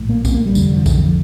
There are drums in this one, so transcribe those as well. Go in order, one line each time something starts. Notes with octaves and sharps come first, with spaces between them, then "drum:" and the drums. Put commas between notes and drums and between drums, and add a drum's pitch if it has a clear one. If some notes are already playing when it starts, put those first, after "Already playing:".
Already playing: A#1 A2
A#3
C4, drum: kick B1, tambourine
A#3
G3
F1 F2 D3, drum: tambourine
F3
D#3, drum: kick B1, tambourine
F3
F3